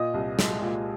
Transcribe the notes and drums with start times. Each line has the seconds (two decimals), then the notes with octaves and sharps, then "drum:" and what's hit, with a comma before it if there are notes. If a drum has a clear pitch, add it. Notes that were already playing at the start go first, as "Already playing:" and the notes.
Already playing: A#2 D#5 D#6
0.14 C2
0.39 G#3, drum: snare
0.62 A#2